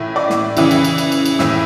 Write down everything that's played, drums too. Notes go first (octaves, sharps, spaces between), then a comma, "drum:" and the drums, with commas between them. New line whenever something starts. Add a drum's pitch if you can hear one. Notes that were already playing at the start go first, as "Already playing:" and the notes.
Already playing: A2 E3
D5 D6
drum: snare
C#3 E3, drum: cymbal
drum: cymbal
drum: cymbal
drum: cymbal
drum: cymbal
drum: cymbal
A2 E3 E5 E6, drum: snare